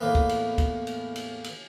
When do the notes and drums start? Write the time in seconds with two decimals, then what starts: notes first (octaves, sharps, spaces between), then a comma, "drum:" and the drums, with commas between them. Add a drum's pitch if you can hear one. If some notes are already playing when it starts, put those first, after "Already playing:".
0.01 E2 A2 E3 A#3 B3
0.15 drum: kick
0.29 drum: cymbal
0.58 drum: kick, cymbal
0.87 drum: cymbal
1.16 drum: cymbal
1.44 drum: cymbal